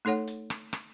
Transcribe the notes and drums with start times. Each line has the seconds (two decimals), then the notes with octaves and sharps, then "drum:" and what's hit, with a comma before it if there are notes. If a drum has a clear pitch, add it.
0.05 A3 D#4 A4 C#5 F#5
0.27 drum: hi-hat
0.50 drum: rim click
0.73 drum: rim click